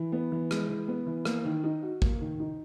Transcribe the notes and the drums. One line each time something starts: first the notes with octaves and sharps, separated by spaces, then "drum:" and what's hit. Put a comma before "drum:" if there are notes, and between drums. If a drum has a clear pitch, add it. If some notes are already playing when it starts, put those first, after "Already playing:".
Already playing: E3
B3
E3
G#3, drum: rim click
E3
B3
E3
A#3, drum: rim click
D#3
D#4
F#4
A#3, drum: kick
D#3
D#4